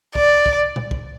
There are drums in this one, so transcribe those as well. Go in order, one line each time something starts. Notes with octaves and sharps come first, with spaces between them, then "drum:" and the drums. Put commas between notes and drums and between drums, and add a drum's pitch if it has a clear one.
D5, drum: kick
drum: kick
drum: tom A#2
drum: kick